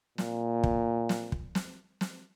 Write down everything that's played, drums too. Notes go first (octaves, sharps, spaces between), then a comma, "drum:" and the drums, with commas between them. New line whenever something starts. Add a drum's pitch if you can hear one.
A#2, drum: snare
drum: kick
drum: snare
drum: kick
drum: snare
drum: snare